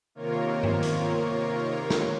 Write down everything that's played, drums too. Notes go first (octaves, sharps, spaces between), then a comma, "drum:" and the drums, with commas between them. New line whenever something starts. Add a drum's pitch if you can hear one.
C3 D#3 A#3 F4 A#4 C#5
drum: tom G2
drum: hi-hat
drum: snare